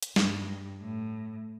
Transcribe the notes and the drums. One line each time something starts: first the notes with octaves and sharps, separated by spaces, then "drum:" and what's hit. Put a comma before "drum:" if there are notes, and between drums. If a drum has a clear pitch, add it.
drum: hi-hat
G2, drum: snare
A2